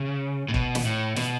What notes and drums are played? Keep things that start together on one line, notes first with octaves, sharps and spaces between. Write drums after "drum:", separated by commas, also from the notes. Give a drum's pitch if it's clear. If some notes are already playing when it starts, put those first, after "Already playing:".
Already playing: C#3
A2
B2, drum: kick E1
drum: snare
A2
B2, drum: snare